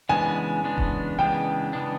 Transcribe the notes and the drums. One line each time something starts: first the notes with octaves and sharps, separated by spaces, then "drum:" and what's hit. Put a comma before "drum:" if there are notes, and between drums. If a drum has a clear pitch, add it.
C#3 E3 G#3 B3 D4 G#5
C#3 E3 G#3 B3 D4
drum: kick E1
C#3 E3 G#3 B3 D4 G5
C#3 E3 G#3 B3 D4